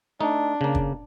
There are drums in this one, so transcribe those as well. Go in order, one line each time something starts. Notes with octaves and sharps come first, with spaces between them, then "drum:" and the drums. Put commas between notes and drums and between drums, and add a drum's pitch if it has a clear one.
A3 D4 D#4
C#3 A#3
drum: kick